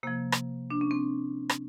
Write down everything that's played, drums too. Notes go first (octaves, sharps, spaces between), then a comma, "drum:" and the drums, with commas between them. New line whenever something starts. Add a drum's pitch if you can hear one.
C3 F3 A#3
drum: rim click
D4
C#4
C4
drum: rim click